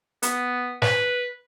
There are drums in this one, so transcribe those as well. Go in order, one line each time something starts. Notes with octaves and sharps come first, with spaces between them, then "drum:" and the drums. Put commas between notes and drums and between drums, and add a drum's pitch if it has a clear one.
B3, drum: hi-hat
B4, drum: snare